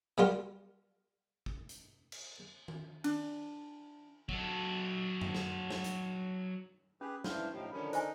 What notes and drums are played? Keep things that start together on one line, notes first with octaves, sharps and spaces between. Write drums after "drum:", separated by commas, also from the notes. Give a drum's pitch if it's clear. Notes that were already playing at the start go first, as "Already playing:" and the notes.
B2 G3 F4 A#4
drum: kick
drum: hi-hat
drum: cymbal
drum: tom D#3
D4, drum: cymbal
F#3 A4, drum: kick
drum: tom F#2
drum: snare
drum: snare
drum: hi-hat
C#4 G4 G#4 B4
E3 D4 E4 C5 F5, drum: snare
A2 F3 D#4 G4 F5
D3 D#3 F3 C#4 D4 A#4 B5
D#4 C5 G#5, drum: hi-hat